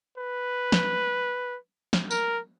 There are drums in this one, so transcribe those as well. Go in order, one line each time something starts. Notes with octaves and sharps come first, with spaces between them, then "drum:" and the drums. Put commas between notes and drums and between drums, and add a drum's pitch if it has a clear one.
B4
drum: snare
drum: snare
A#4, drum: tambourine